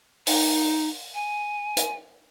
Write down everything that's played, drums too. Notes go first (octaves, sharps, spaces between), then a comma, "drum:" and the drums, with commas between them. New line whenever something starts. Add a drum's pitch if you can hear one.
D#4, drum: open hi-hat
G#5
drum: hi-hat